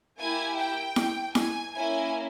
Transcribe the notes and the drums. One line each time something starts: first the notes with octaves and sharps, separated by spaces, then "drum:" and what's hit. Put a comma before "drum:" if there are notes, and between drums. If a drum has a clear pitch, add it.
A#3 E4 G4 G#5
G5
drum: snare E4
G#5, drum: snare E4
A#3 C#4 E4 G#5